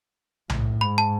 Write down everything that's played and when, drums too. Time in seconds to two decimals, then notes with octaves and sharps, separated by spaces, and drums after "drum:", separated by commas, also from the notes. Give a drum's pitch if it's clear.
0.50 A2, drum: tom B1
0.81 G#2 B5
0.98 A5